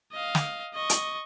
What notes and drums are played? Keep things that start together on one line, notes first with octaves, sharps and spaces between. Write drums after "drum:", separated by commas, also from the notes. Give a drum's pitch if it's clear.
D#5 F5
drum: snare
D#5 C#6
drum: hi-hat